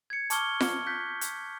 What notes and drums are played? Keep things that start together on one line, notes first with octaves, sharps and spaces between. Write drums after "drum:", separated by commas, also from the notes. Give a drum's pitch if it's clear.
G#6 C#7
A5 C#6 D6 F6 G7, drum: hi-hat
drum: snare F4
F#6 G6 A#6 B6
drum: hi-hat